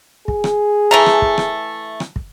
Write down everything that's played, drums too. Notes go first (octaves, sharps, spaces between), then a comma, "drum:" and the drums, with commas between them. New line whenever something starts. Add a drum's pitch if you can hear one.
G#4, drum: kick
drum: rim click
E3 A3 A#5
drum: rim click
drum: kick
drum: rim click
drum: rim click
drum: kick